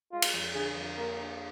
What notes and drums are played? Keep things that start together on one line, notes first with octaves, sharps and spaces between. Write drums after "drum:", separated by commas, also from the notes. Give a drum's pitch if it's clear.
G#3 F4
drum: cymbal
F2
D3 G#4
F2
A#3 A#4
D4